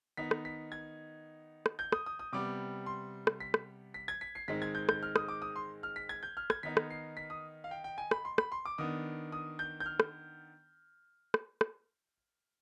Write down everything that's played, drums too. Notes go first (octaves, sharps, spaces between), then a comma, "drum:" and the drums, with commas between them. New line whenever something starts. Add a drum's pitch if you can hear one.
D#3 B3 D#4 B6
drum: rim click
B6
G#6
drum: rim click
G6
D#6, drum: rim click
D#6
D#6
C3 G3 B3 D6
C6
drum: rim click
B6
drum: rim click
B6
G#6
B6
C7
G#2 D#3 G#3 C4 D#4 B6
G#6
G6
G6, drum: rim click
F6
D#6, drum: rim click
D6
D#6
C6
F6
B6
G#6
G6
F6
G#6, drum: rim click
D#3 B3 D#4 B6
drum: rim click
C7
B6
D#6
F5
G5
G5
G#5
B5, drum: rim click
C6
B5, drum: rim click
C6
D6
D#3 B3 D4 D#6
D#6
G6
G6
F6
drum: rim click
drum: rim click
drum: rim click